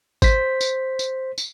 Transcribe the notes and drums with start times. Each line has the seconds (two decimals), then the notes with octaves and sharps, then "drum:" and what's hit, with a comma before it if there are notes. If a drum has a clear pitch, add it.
0.22 C5 B6, drum: kick, tambourine
0.61 drum: tambourine
0.99 drum: tambourine
1.38 drum: tambourine